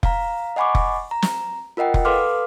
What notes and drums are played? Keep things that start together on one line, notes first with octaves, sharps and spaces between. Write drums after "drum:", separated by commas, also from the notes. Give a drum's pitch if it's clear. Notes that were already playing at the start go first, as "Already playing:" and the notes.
F5 A#5, drum: kick F1
D#5 F#5 G#5 B5 C#6 D6
drum: kick F1
A#5
drum: snare
F4 A#4 D#5 F#5 G5
drum: kick F1
A4 B4 F5 C6 D6 F6